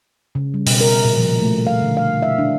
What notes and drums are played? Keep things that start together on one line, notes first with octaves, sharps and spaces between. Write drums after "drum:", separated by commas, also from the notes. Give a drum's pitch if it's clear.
C#3
G3
B2, drum: open hi-hat
A#4
A#2
F3
A3
F5
D3
F5
E5
D4